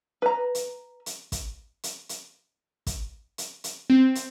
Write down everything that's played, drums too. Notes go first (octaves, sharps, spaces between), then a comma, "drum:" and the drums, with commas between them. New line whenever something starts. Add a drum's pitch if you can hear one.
B4 A#5
drum: hi-hat
drum: hi-hat
drum: kick, hi-hat
drum: hi-hat
drum: hi-hat
drum: kick, hi-hat
drum: hi-hat
drum: hi-hat
C4
drum: hi-hat